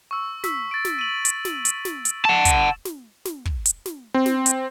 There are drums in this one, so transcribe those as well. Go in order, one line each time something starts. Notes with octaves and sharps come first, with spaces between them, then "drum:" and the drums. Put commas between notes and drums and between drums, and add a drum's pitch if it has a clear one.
C#6 E6
E6 B6, drum: snare
A6 D7
drum: snare
D#7 F#7
drum: hi-hat
drum: snare
drum: hi-hat
drum: snare
drum: hi-hat
F#5 A5 E7
drum: kick, hi-hat
drum: snare
drum: snare
drum: kick
drum: hi-hat
drum: snare
C4
drum: snare
drum: hi-hat